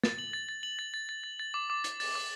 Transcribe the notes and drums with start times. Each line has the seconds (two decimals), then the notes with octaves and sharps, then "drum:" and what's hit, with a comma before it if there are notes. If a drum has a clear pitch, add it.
0.03 A6, drum: snare
0.18 F#7
0.33 A6
0.49 A6
0.63 F#7
0.79 A6
0.94 A6
1.09 A6
1.24 A6
1.40 A6
1.54 D6
1.70 D6
1.84 A6, drum: hi-hat
2.00 A6, drum: open hi-hat
2.15 D6